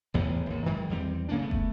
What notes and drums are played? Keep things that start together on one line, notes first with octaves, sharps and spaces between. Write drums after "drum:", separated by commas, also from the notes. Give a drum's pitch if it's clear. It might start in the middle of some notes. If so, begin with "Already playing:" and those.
A1 E2 C3 B3
G#1 D#2
D#3 F#3 G#3
E2 G3 C4
C#3 A#3 C#4 D4
A3 B3
drum: kick